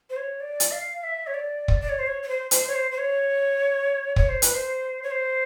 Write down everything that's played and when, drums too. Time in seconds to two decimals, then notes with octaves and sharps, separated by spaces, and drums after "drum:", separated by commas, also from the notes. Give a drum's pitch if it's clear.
0.10 C5
0.17 C#5
0.40 D5
0.60 drum: hi-hat
0.71 F5
1.03 E5
1.27 C#5
1.34 D5
1.68 drum: kick
1.81 D5
1.89 C#5
1.99 C5
2.07 C#5
2.23 C#5
2.28 C5
2.51 C5, drum: hi-hat
2.68 C#5
2.75 C5
2.91 C5
2.98 C#5
4.16 C#5, drum: kick
4.29 C5
4.42 B4, drum: hi-hat
4.54 C5
5.03 C#5
5.11 C5